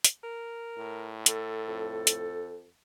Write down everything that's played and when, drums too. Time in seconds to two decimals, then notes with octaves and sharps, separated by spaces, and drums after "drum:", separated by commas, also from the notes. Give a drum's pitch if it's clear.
0.04 drum: hi-hat
0.24 A#4
0.77 A2
1.26 A4, drum: hi-hat
1.68 F2
2.07 drum: hi-hat